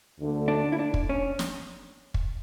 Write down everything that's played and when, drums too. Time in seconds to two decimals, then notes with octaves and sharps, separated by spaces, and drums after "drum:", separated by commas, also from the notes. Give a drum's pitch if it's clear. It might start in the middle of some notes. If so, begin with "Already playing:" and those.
0.19 D2 D3 A3
0.48 D4
0.72 E4
0.79 D4
0.94 drum: kick
1.09 C#4
1.39 drum: snare
2.14 drum: kick